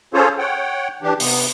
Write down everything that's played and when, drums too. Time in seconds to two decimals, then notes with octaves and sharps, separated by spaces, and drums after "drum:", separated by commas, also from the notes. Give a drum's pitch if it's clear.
0.14 C#4 F4 G#4 A4 C5 C#5
0.38 C#5 F#5 G5
1.02 E3 D4 G4
1.20 C3 B3, drum: open hi-hat